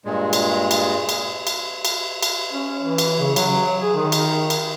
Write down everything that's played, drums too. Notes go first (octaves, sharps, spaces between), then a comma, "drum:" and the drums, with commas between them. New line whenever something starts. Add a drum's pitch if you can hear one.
G2 A#2 G#3
drum: cymbal
drum: cymbal
drum: cymbal
drum: cymbal
drum: cymbal
drum: cymbal
C#4
E3
drum: cymbal
C#3
F#3, drum: cymbal
G#4
D#3
drum: cymbal
drum: cymbal